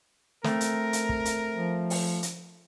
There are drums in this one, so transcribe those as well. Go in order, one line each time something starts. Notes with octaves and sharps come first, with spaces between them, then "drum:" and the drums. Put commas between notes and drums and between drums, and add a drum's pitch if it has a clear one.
A3 C4 A#4, drum: snare
drum: hi-hat
drum: hi-hat
drum: kick
drum: hi-hat
F3
drum: open hi-hat
drum: hi-hat